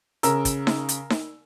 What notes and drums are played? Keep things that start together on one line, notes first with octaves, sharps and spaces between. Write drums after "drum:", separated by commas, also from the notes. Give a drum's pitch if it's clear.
C#3 A#4 E6, drum: hi-hat
drum: kick, hi-hat
drum: snare D#4
drum: hi-hat
drum: snare D#4